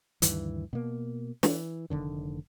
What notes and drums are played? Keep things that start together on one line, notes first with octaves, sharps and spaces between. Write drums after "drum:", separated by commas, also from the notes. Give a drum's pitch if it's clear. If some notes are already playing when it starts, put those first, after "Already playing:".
D2 G2 D#3 E3, drum: hi-hat
B2 A#3
E3, drum: snare
F1 C#2 D3 D#3